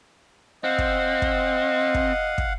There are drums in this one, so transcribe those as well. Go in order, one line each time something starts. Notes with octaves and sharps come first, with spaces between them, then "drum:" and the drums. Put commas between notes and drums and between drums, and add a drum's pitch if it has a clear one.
C4 D#5 F5 F#5
drum: kick
drum: kick
drum: kick
drum: kick